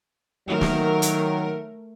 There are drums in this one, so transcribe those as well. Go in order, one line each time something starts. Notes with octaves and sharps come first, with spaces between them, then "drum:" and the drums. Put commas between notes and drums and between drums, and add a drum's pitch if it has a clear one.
D#3 F#3 A3 A#4
drum: snare
drum: hi-hat